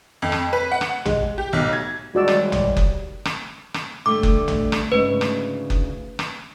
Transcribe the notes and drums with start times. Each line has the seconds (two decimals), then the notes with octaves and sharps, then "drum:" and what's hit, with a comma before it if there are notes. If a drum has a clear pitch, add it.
0.22 F2
0.32 drum: rim click
0.53 B4
0.72 F#5
0.81 drum: rim click
1.05 G#3, drum: tom A1
1.38 G4
1.53 B1
1.73 G#6
2.15 D#2 G3 G#3 F#4 D5 E6
2.28 drum: rim click
2.52 drum: tom A1
2.77 drum: kick F#1
3.25 drum: rim click
3.74 drum: rim click
4.06 D3 G3 A3 D6
4.23 drum: kick F#1
4.48 drum: tom A1
4.72 drum: rim click
4.92 D2 G#2 C#3 B4
5.21 drum: rim click
5.70 drum: kick F#1
6.19 drum: rim click